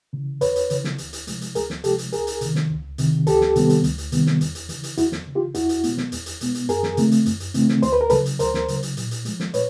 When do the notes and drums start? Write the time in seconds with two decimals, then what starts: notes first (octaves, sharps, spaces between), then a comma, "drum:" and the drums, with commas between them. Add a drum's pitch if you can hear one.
0.13 C#3 E3
0.41 E2 B4 C#5, drum: hi-hat
0.56 drum: hi-hat
0.70 C#3 E3, drum: hi-hat
0.84 drum: snare
0.98 D2, drum: hi-hat
1.13 drum: hi-hat
1.27 C3 F3 G#3, drum: hi-hat
1.41 drum: hi-hat
1.55 D2 G#4 A#4, drum: hi-hat
1.70 drum: snare
1.84 C3 F3 G#3 G4 A4, drum: hi-hat
1.98 drum: hi-hat
2.13 C#2 G#4 A#4, drum: hi-hat
2.27 drum: hi-hat
2.41 C3 D#3, drum: hi-hat
2.55 drum: snare
2.70 C#2
2.98 C3 D#3, drum: hi-hat
3.27 D2 G4 A4, drum: hi-hat
3.41 drum: snare
3.56 C3 D#3 G3 B3, drum: hi-hat
3.69 drum: hi-hat
3.84 D2, drum: hi-hat
3.98 drum: hi-hat
4.12 C3 D#3 G3 B3, drum: hi-hat
4.26 drum: snare
4.41 E2, drum: hi-hat
4.55 drum: hi-hat
4.69 E3, drum: hi-hat
4.74 C#3
4.83 drum: hi-hat
4.97 E2 E4 F#4, drum: hi-hat
5.12 drum: snare
5.26 C#3 E3
5.35 F4 G4
5.55 E2 E4 F#4, drum: hi-hat
5.69 drum: hi-hat
5.84 B2 G#3 B3, drum: hi-hat
5.97 drum: snare
6.12 E2, drum: hi-hat
6.26 drum: hi-hat
6.41 B2 G#3 B3, drum: hi-hat
6.55 drum: hi-hat
6.69 F#2 G#4 A#4, drum: hi-hat
6.83 drum: snare
6.97 C#3 E3 A3 C4, drum: hi-hat
7.12 drum: hi-hat
7.26 F#2, drum: hi-hat
7.40 drum: hi-hat
7.54 C#3 E3 A3 C4, drum: hi-hat
7.69 drum: snare
7.82 D2 C5, drum: hi-hat
7.92 B4
8.01 A#4
8.10 C#3 F#3 A4 B4, drum: hi-hat
8.26 drum: hi-hat
8.39 D2 A#4 C5, drum: hi-hat
8.54 drum: snare
8.68 C#3 F#3, drum: hi-hat
8.83 drum: hi-hat
8.97 A#2, drum: hi-hat
9.11 drum: hi-hat
9.25 F3 G#3, drum: hi-hat
9.40 drum: snare
9.54 A#2 B4 C#5, drum: hi-hat